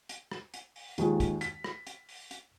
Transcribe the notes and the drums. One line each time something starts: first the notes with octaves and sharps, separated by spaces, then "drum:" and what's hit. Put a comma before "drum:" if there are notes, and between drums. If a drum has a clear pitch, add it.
drum: hi-hat
drum: rim click
drum: hi-hat
drum: open hi-hat
D#2 D#3 F3 G#3, drum: hi-hat
drum: kick, hi-hat
B6, drum: hi-hat
drum: rim click
drum: hi-hat
drum: open hi-hat
drum: hi-hat